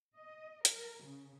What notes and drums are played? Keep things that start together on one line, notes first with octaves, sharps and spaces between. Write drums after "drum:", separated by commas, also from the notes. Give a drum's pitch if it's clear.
D#5
A#4, drum: hi-hat
C#3